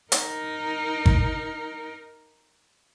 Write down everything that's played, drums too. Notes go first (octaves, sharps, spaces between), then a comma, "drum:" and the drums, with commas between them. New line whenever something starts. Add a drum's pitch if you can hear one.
D#4 A#4, drum: hi-hat
drum: kick